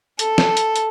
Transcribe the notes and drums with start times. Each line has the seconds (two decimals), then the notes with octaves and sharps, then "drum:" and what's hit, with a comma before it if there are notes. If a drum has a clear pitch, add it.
0.19 A4, drum: hi-hat
0.38 drum: snare
0.57 drum: hi-hat
0.76 drum: hi-hat